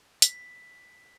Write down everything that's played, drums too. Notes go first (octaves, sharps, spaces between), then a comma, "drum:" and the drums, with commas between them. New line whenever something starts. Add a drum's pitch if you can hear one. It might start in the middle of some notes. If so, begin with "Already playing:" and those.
B6, drum: hi-hat